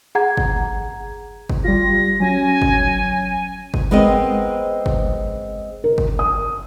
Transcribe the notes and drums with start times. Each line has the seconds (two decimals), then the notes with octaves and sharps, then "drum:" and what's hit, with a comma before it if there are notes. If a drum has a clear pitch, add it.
0.15 G#4 F#5 A#5 G#6
0.37 drum: kick
1.50 drum: kick
1.64 G3 F4 A#6
2.20 F#3 C#4 G#5 A#6
2.62 drum: kick
3.74 drum: kick
3.91 G#3 B3 C4 A#4 D#5
4.86 drum: kick
5.84 A#4
5.98 drum: kick
6.19 D#6